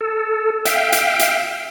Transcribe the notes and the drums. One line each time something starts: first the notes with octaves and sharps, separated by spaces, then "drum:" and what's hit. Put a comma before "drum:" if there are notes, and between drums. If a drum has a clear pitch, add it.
A4
E5 F5 G5, drum: hi-hat
drum: hi-hat
drum: hi-hat